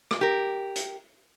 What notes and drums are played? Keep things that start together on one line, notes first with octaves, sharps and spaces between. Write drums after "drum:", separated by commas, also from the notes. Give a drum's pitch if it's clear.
drum: rim click
G4 A#4
drum: hi-hat